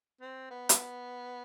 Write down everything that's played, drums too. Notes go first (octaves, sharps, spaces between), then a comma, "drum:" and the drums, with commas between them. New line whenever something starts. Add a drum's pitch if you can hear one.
C4
B3
drum: hi-hat